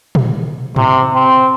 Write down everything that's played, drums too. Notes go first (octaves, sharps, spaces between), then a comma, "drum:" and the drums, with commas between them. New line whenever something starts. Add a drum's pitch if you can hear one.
drum: tom A#2
C3, drum: tom G#2
C4